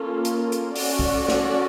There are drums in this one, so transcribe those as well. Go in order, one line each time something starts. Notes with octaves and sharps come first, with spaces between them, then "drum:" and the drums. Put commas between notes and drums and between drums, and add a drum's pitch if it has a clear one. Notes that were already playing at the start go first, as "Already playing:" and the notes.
Already playing: A#3 C#4 F4 A4
drum: hi-hat
drum: hi-hat
C#4 F#4 A4 D5, drum: open hi-hat
drum: kick C2
drum: snare